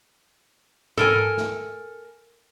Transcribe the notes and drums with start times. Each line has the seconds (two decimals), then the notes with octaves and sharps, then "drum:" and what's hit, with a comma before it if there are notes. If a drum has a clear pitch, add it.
0.97 A4 A#4 G#5, drum: tom G#2
1.37 drum: snare